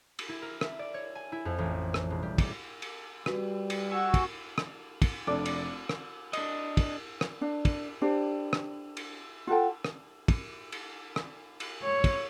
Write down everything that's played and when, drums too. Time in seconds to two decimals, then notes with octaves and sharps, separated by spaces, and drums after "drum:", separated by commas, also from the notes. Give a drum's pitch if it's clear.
0.19 drum: cymbal
0.29 E4
0.42 A#4
0.61 E5, drum: rim click
0.79 D5
0.94 C#5
1.15 G#5
1.32 E4
1.45 F2
1.58 A1
1.94 drum: rim click
2.10 E1
2.22 G3
2.38 D6, drum: kick, cymbal
2.82 drum: cymbal
3.26 G3 F#4 B4, drum: rim click
3.70 drum: cymbal
3.91 F#4 G#5 C#6 E6
4.14 drum: kick, cymbal
4.58 drum: rim click
5.02 drum: kick, cymbal
5.27 F1 D4 A4 D5 D6
5.46 drum: cymbal
5.89 drum: rim click
6.33 D4 D#5, drum: cymbal
6.77 drum: kick, cymbal
7.21 drum: rim click
7.41 D4
7.65 drum: kick, cymbal
8.01 D4 G4 C5
8.53 drum: rim click
8.97 drum: cymbal
9.47 F4 F#4 A4 G5
9.85 drum: rim click
10.28 drum: kick, cymbal
10.72 drum: cymbal
11.16 drum: rim click
11.60 drum: cymbal
11.83 C#5
12.04 drum: kick, cymbal